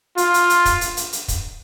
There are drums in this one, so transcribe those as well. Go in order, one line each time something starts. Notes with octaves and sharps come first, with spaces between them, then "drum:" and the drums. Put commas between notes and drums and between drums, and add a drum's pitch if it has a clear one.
F4, drum: hi-hat
drum: hi-hat
drum: hi-hat
drum: kick, hi-hat
drum: hi-hat
drum: hi-hat
drum: hi-hat
drum: kick, hi-hat